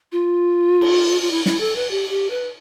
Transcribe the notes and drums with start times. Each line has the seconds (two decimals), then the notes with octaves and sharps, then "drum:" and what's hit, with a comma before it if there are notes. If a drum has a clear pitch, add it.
0.12 F4
0.81 drum: cymbal
1.21 F4
1.31 E4
1.46 E4, drum: snare
1.60 A4
1.76 B4
1.91 G4
2.10 G4
2.30 B4